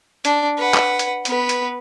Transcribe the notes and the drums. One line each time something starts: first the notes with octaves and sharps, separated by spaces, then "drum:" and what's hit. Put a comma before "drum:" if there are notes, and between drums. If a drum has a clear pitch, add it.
D4, drum: hi-hat
B4 F#5
drum: clap
drum: hi-hat
B3 B4, drum: hi-hat
drum: hi-hat